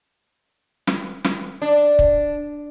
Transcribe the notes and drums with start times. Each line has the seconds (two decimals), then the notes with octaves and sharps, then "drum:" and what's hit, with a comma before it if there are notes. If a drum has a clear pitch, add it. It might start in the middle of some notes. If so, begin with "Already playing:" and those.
0.87 drum: snare
1.24 drum: snare
1.62 D4
1.99 drum: kick C#1